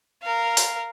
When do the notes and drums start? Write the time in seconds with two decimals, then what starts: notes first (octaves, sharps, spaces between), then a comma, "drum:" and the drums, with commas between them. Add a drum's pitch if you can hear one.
0.23 A#4 F5
0.57 drum: open hi-hat